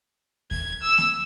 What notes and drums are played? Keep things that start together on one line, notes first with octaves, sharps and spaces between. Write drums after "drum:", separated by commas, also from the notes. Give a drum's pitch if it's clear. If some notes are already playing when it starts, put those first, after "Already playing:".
G#6, drum: kick D#2
E6
drum: snare A#3